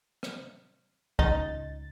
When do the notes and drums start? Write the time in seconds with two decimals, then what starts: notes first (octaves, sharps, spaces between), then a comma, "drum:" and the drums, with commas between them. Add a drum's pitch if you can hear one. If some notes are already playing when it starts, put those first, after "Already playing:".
0.23 drum: rim click
1.19 C#2 D#4 A6, drum: kick